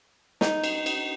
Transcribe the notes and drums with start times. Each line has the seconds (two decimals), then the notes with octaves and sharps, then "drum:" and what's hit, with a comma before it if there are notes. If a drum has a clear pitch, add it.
0.41 D#4, drum: snare
0.64 drum: cymbal
0.86 drum: cymbal